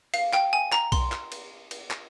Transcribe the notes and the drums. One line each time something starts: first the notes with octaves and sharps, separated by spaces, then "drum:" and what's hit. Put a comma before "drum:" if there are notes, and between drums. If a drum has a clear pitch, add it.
F5, drum: cymbal
G5, drum: clap
G#5
A#5, drum: clap
C6, drum: kick B1, cymbal
drum: clap
drum: cymbal
drum: cymbal
drum: clap